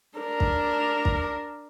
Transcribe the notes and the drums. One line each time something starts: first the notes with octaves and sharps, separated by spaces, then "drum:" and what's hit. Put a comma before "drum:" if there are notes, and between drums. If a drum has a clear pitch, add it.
D4 A#4
drum: kick
drum: kick